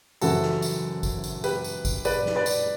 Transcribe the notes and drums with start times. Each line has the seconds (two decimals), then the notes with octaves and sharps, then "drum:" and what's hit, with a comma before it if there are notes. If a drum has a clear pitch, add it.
0.21 F#1 F#2 E3 F#4 A4, drum: tambourine
0.42 drum: snare G4
0.62 drum: tambourine
1.03 drum: kick G#1, tambourine
1.24 drum: tambourine
1.44 G4 B4, drum: tambourine
1.64 drum: tambourine
1.85 drum: kick G#1, tambourine
2.05 B4 D5, drum: tambourine
2.26 drum: snare G4
2.35 B4 D5
2.46 drum: tambourine